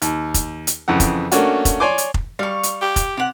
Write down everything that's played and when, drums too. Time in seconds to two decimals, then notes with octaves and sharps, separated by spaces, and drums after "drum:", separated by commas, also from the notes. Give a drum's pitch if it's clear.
0.02 D#2, drum: hi-hat
0.34 drum: kick F1, hi-hat
0.67 drum: hi-hat
0.88 F2 C#3 E3 F#5
1.00 drum: kick F1, hi-hat
1.31 A3 A#3 C#4 D4 F#4, drum: hi-hat
1.65 drum: kick F1, hi-hat
1.80 C#5 D5 G#5 C6 D6
1.98 drum: hi-hat
2.14 drum: kick F1
2.39 G3 F5 C#6
2.63 drum: hi-hat
2.82 G4
2.96 drum: kick F1, hi-hat
3.17 C3 G4 F#5